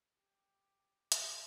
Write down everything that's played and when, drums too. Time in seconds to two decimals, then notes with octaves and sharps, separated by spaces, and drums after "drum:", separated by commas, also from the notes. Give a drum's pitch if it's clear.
0.14 G4
1.12 drum: hi-hat